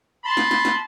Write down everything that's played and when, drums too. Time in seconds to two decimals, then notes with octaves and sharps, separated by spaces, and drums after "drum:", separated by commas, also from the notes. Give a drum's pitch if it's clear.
0.23 A5 B5 C6
0.37 drum: snare
0.51 drum: snare
0.65 drum: snare